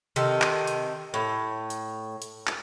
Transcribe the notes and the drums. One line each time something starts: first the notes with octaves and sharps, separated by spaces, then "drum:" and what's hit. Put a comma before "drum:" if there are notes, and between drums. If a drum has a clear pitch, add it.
C3 D#3 A4, drum: hi-hat
drum: clap
drum: hi-hat
A2
drum: hi-hat
drum: hi-hat
drum: clap